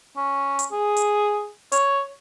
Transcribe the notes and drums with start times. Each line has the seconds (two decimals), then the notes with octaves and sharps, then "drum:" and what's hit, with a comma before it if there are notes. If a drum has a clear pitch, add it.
0.17 C#4
0.59 drum: hi-hat
0.72 G#4
0.96 drum: hi-hat
1.72 C#5, drum: hi-hat